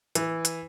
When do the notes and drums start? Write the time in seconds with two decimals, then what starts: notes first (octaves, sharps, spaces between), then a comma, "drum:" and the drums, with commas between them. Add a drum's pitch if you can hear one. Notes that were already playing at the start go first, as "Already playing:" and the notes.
0.15 E3, drum: hi-hat
0.45 drum: hi-hat